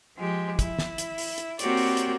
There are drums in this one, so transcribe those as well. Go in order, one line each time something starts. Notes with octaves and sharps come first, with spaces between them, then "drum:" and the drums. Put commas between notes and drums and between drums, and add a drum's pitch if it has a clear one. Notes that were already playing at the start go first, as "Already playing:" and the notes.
F3 G#3 G4
E4, drum: kick, hi-hat
drum: snare
drum: hi-hat
drum: open hi-hat
drum: hi-hat
A#3 C4 F#4 G4 C#5 D5, drum: hi-hat
drum: open hi-hat
drum: hi-hat